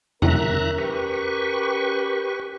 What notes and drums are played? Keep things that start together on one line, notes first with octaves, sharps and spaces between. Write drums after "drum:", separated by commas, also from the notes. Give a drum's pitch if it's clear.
C#4 A#4 E5 A#5 F#6, drum: tom E2
G4 B4 C#6